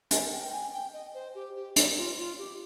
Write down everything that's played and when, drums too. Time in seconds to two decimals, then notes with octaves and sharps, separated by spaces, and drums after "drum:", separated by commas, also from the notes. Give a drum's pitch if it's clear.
0.11 G#5, drum: hi-hat
0.32 G5
0.42 G5
0.52 G#5
0.73 G5
0.93 D#5
1.14 C5
1.35 G4
1.56 G4
1.76 D#4, drum: hi-hat
1.97 F4
2.18 F4
2.38 G4